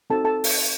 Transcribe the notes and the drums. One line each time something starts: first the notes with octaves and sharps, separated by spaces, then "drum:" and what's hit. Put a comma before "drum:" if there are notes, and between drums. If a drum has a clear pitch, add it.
C4 D#4 F#4 A4 A5
A4 A5
drum: open hi-hat